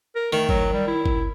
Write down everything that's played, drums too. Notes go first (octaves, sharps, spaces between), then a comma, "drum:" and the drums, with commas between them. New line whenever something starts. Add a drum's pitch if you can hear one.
A#4
D#3 A3
F#3, drum: kick G1
G3
E4
drum: kick G1